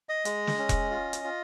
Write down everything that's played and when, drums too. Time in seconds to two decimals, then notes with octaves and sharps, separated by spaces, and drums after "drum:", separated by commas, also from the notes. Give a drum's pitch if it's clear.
0.09 D#5
0.25 G#3, drum: hi-hat
0.47 drum: snare
0.58 C#4
0.69 drum: kick E1, hi-hat
0.91 F4
1.13 drum: hi-hat
1.24 F4